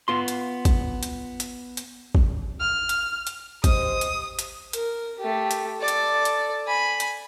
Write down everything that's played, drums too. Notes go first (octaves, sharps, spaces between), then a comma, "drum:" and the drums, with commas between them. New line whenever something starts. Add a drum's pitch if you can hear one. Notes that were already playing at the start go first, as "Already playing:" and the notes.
B3 F4 C6
drum: hi-hat
drum: kick G#1, hi-hat
drum: hi-hat
drum: hi-hat
drum: hi-hat
drum: kick G#1
F6
drum: hi-hat
drum: hi-hat
G4 C5 D#5 D#6, drum: kick G#1, hi-hat
drum: hi-hat
drum: hi-hat
A#4, drum: hi-hat
A3 G4
drum: hi-hat
A4 D5
drum: hi-hat
drum: hi-hat
G#5 B5
drum: hi-hat